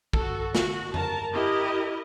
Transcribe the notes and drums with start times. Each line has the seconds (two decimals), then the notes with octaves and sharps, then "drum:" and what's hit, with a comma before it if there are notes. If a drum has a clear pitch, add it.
0.13 F#4 A4, drum: kick
0.55 F#4, drum: snare
0.94 A#4 A5 A#5, drum: tom F2
1.33 E4 G4 A#4 D#5